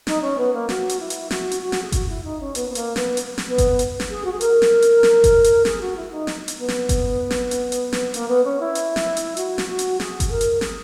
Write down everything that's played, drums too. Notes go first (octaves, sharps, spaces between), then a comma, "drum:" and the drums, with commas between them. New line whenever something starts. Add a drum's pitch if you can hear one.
D#4, drum: snare
C#4
B3
A#3
F#4, drum: snare
drum: hi-hat
E4
drum: hi-hat
F#4, drum: snare
drum: hi-hat
F#4
drum: snare
G#4
F#4, drum: kick G1, hi-hat
E4
D#4
C#4
B3, drum: hi-hat
B3
A#3, drum: hi-hat
B3, drum: snare
drum: hi-hat
drum: snare
B3
drum: kick G1, hi-hat
drum: hi-hat
drum: snare
G#4
F#4
G#4
A#4, drum: hi-hat
drum: snare
drum: hi-hat
drum: snare
drum: kick G1, hi-hat
drum: hi-hat
G#4, drum: snare
F#4
E4
D#4
drum: snare
drum: hi-hat
B3
drum: snare
drum: kick G1, hi-hat
drum: snare
drum: hi-hat
drum: hi-hat
drum: snare
A#3, drum: hi-hat
B3
C#4
E4
drum: hi-hat
drum: snare
drum: hi-hat
F#4, drum: hi-hat
drum: snare
F#4
drum: hi-hat
G#4, drum: snare
drum: kick G1, hi-hat
A#4
drum: hi-hat
G#4, drum: snare